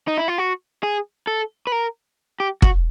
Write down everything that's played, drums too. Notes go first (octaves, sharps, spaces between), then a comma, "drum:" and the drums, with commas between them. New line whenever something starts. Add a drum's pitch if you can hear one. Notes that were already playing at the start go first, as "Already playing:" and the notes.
D#4
E4
F4
F#4
G#4
A4
B4
A#4
G4
F#4, drum: kick